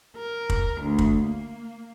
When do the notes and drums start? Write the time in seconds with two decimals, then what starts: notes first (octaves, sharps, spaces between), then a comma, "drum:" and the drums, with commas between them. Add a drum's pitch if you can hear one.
0.17 A#4
0.50 drum: kick
0.82 D2
0.98 drum: kick
1.24 A#3